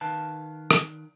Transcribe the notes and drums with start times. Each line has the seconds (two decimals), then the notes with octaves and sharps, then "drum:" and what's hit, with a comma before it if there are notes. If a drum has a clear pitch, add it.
0.01 D#3 B4 F5 G5 A5
0.71 drum: rim click